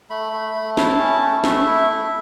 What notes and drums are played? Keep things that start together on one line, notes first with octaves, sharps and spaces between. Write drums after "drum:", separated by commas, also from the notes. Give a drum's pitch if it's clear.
A3 B5
A3
A3
E4 A5, drum: snare
C#4
A3
A3 E5, drum: snare
E4
A3